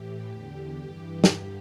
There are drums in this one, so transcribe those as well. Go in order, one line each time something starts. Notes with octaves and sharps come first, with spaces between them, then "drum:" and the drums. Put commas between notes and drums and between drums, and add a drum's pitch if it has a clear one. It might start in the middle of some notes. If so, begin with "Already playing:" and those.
Already playing: A2 E3 G4
E2 D3 G4
G2 E3 G4
G2 D3 G4, drum: snare